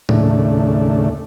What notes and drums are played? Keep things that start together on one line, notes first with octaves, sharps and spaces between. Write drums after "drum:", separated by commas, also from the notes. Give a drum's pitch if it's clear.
D#2 A2 C#3 A3 D4, drum: tom A2